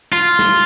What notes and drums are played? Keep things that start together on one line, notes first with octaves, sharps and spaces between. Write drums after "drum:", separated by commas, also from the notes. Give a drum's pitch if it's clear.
F4
drum: snare